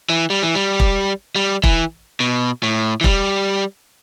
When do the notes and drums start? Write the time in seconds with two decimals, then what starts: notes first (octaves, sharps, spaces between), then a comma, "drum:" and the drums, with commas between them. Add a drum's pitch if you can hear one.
0.10 E3
0.30 G3
0.42 E3
0.55 G3
0.80 drum: kick E1
1.36 G3
1.63 E3, drum: kick E1
2.20 B2
2.63 A2
3.01 E3
3.04 G3, drum: kick E1